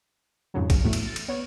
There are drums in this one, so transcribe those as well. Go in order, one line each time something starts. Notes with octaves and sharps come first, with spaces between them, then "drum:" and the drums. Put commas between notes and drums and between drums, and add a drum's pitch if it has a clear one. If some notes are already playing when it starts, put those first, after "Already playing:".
F2 G#2 C#3 F#3
D2 C#3, drum: kick B1, cymbal
E2 A2 F#3 A3
drum: cymbal
A6
drum: cymbal
B3 C#5